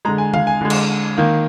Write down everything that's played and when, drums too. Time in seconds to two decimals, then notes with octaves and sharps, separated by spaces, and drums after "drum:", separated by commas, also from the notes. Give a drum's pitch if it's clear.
0.05 D3 G#3 A#5
0.18 G#5
0.34 F5, drum: tom D#3
0.47 G#5
0.61 D3 G#3
0.70 drum: cymbal
1.18 D#3 A#3